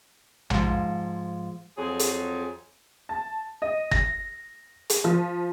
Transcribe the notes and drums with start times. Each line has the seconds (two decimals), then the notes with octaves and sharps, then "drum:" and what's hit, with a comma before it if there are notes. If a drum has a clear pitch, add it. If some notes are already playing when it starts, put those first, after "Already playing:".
0.50 G#2 F3, drum: tom A#1
1.77 F2 F#3 G#4
1.99 drum: hi-hat
3.09 A5
3.62 D#5
3.91 A#6, drum: kick
4.90 drum: hi-hat
5.04 F3